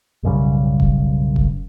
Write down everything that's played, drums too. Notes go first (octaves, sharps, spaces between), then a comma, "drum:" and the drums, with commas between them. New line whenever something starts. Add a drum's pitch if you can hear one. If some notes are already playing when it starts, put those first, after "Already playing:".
B1 F#2 C#3 G3
drum: kick E1
drum: kick E1